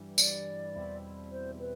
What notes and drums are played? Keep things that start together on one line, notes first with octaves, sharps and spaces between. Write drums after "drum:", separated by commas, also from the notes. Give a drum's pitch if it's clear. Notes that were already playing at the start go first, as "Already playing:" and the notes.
Already playing: G2 E3 G3
D5, drum: tambourine
E2 B2 G3 C4 E4
C5
B4